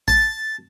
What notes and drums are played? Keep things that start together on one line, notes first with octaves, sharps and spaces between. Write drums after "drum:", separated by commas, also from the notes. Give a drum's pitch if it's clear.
A5, drum: kick